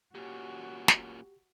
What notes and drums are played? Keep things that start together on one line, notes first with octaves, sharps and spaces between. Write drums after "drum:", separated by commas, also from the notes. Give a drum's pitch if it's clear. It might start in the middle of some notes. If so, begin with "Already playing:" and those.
A#2 C#4 F#4 G4
drum: snare